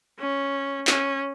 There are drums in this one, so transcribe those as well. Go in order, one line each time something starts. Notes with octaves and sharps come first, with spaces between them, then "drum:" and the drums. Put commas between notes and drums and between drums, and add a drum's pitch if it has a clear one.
C#4
C#4, drum: clap